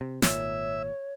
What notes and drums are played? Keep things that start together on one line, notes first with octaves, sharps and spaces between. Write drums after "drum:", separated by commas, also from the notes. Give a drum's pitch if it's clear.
C3
G#1 A#2 C#5 E5, drum: snare